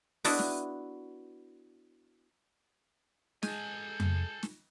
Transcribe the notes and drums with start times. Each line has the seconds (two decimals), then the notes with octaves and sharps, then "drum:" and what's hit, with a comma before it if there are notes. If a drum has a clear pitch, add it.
0.25 B3 D4 E4 F#4, drum: open hi-hat
0.39 drum: snare
3.43 G#3 A4 G#5 G6, drum: snare
4.00 drum: tom F2
4.43 drum: snare